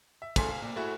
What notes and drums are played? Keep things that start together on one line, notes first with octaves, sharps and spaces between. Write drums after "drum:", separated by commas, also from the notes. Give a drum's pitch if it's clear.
E5
D#2 A#2 A3 G#4 C6 B6, drum: kick, cymbal
G#4 F5
A#2
A3 E4 F#4 G#4